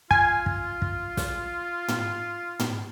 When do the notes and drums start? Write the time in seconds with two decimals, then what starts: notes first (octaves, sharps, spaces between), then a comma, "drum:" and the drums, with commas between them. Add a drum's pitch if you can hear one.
0.11 F4 G#5, drum: kick
0.46 drum: kick
0.82 drum: kick
1.17 drum: snare
1.88 drum: tom
2.60 drum: tom